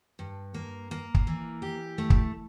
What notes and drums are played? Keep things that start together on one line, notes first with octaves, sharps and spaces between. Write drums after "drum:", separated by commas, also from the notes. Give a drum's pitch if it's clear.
G2
A#3
A#3
drum: kick
E3
G4
A3
drum: kick